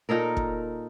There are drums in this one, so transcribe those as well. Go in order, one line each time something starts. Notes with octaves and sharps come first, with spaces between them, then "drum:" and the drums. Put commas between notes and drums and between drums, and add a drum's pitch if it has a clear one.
A#2 D#4 A4 A#4
drum: kick